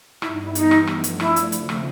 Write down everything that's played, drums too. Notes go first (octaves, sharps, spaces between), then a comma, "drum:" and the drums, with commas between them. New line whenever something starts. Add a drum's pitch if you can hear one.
G2 E3 G3 B3 E4, drum: rim click
D#4
E4
D#4, drum: hi-hat
drum: rim click
F3 A3 D4, drum: rim click
drum: hi-hat
E4, drum: rim click
drum: hi-hat
D#2 C#3 F3 A3 C4, drum: hi-hat
drum: rim click